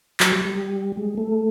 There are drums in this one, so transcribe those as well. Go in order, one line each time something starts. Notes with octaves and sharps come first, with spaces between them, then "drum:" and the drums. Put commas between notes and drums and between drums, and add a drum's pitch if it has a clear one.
F#3, drum: clap
G3
G3
G#3
A3